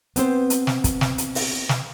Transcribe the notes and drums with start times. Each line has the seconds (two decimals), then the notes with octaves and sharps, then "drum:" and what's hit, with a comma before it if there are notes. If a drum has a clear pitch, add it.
0.16 B3 C4 C5, drum: hi-hat
0.50 drum: hi-hat
0.67 drum: snare
0.84 drum: kick, hi-hat
1.01 drum: snare
1.18 drum: hi-hat
1.35 drum: open hi-hat
1.69 drum: snare